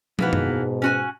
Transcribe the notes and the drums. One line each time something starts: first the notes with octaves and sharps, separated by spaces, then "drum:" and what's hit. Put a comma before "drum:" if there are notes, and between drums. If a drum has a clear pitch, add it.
G#2 B2 E3 A#3 B3, drum: tom
drum: tom F#2
C#4 F#4 G#5